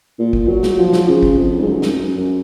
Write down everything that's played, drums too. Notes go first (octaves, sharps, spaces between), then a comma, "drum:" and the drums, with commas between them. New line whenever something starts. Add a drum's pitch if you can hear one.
A#2
drum: kick
F#3
drum: snare
F3
drum: snare
C#3
drum: kick
F2
G#2
F#2
drum: snare
F#2
F#2